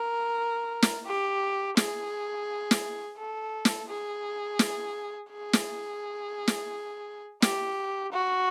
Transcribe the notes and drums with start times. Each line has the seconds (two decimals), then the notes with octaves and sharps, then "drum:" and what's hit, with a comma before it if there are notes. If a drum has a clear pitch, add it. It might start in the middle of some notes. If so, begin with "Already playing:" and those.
Already playing: A#4
0.82 drum: snare
1.06 G4
1.77 G#4, drum: snare
2.71 drum: snare
3.18 A4
3.65 drum: snare
3.88 G#4
4.59 drum: snare
5.30 G#4
5.53 drum: snare
6.47 drum: snare
7.42 G4, drum: snare
8.12 F#4